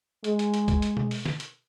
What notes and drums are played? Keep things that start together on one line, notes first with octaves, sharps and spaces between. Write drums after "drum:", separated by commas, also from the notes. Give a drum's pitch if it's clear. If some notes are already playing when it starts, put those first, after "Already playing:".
G#3, drum: hi-hat
drum: hi-hat
drum: hi-hat
drum: kick, hi-hat
drum: hi-hat
drum: tom B2
drum: open hi-hat
drum: snare
drum: hi-hat